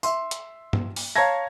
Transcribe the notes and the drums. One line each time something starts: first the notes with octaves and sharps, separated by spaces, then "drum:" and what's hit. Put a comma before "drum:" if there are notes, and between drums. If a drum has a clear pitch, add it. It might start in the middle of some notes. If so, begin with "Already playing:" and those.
E5 C6, drum: tambourine
drum: hi-hat
drum: tom G2
drum: open hi-hat
C#5 F5 A5 A#5 G#6 A#6